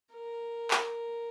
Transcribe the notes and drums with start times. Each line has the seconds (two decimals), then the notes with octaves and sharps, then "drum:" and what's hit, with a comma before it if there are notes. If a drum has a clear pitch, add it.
0.13 A#4
0.71 drum: clap